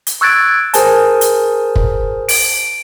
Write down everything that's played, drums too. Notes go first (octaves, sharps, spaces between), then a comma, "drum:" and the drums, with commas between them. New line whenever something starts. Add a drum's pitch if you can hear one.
drum: hi-hat
C#6 E6 F#6 G#6 A6 D7
G#4 A#4 C5 G#5 A5, drum: hi-hat
drum: hi-hat
drum: kick
D7, drum: open hi-hat